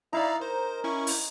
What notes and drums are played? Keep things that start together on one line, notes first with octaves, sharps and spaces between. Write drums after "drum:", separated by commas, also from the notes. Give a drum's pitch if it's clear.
D#4 E4 D5 F5 A#5
A#4 C5
C#4 E4 C#6
drum: open hi-hat